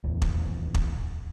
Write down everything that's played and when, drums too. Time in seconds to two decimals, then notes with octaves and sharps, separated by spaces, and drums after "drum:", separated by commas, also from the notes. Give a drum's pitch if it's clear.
0.04 D1 E2
0.22 drum: kick
0.74 drum: kick